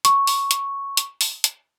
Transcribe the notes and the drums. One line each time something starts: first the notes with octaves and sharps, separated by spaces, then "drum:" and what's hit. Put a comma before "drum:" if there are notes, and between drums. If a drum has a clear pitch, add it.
C#6, drum: hi-hat
drum: open hi-hat
drum: hi-hat
drum: hi-hat
drum: open hi-hat
drum: hi-hat